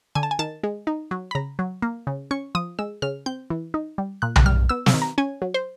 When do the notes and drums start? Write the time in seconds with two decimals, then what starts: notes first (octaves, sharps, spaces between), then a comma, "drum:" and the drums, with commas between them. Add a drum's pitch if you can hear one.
0.15 D3 G#5
0.23 A5
0.31 G#5
0.39 D#3 A5
0.63 G#3
0.87 D#4
1.11 F#3
1.31 B5
1.35 C#3 A#5
1.59 F#3
1.82 A#3
2.07 C#3
2.31 C#4 C#6
2.55 F3 D#6
2.79 G#3 E6
3.02 C#3 F6
3.26 C4 G6
3.50 E3
3.74 D#4
3.98 G3
4.22 A#2 F#6
4.36 F#6, drum: tom B1
4.46 G3 F6
4.69 B3 E6
4.86 E6, drum: snare
4.94 D#3
5.02 A#5
5.18 C#4 G#5
5.42 F#3
5.54 C5